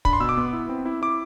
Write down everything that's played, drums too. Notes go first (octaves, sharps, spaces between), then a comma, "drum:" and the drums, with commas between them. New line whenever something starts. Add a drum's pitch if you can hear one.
D4 B5, drum: kick
C6
B2 E6
D6
B3
E4
C4
E4
E4 D6